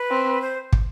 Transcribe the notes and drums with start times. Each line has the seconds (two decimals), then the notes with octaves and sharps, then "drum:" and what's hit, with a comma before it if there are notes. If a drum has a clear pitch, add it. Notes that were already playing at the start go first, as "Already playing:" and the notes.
Already playing: B4
0.10 C4
0.42 C5
0.73 drum: kick